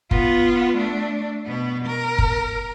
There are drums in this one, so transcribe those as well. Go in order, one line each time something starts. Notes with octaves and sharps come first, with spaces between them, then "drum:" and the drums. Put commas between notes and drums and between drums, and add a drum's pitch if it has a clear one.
B3 F4, drum: kick F#1
A3 D4
B2 B3
A#4
drum: kick F#1